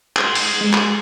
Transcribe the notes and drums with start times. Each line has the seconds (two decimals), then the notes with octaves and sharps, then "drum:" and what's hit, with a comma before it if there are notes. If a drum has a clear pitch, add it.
0.16 G#4 C5, drum: clap
0.35 drum: open hi-hat
0.61 G#3
0.73 drum: clap